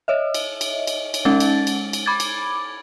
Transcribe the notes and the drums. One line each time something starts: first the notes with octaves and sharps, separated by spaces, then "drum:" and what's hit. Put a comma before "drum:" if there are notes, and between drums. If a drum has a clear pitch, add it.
C#5 D#5 E5
drum: cymbal
drum: cymbal
drum: cymbal
drum: cymbal
G#3 C#4 D#4 F#5 A6
drum: cymbal
drum: cymbal
drum: cymbal
B5 D6 G#6 A6
drum: cymbal